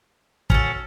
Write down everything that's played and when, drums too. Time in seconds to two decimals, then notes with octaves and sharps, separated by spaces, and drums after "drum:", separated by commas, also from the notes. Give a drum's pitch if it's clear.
0.50 C#4 F#4 A4, drum: kick